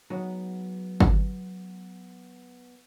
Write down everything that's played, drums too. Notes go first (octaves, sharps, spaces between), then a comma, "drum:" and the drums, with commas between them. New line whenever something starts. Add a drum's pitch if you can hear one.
F#3 G#3 B3 D#4 F#4
drum: kick G1